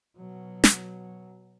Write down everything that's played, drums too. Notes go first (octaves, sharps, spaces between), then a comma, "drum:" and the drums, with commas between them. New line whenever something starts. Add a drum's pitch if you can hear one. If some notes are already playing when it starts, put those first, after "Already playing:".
B2 F#3
drum: snare